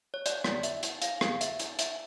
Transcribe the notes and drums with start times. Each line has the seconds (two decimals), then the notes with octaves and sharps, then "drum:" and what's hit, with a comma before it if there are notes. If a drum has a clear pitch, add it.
0.14 C#5
0.26 D5, drum: hi-hat
0.44 drum: rim click
0.63 E5, drum: hi-hat
0.83 drum: hi-hat
1.02 F5, drum: hi-hat
1.21 drum: rim click
1.41 E5, drum: hi-hat
1.59 drum: hi-hat
1.79 E5, drum: hi-hat